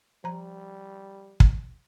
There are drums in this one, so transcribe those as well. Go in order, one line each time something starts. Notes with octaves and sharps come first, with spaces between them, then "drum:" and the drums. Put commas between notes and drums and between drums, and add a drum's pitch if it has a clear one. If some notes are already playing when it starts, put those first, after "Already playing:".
F3 G3 A#5
drum: kick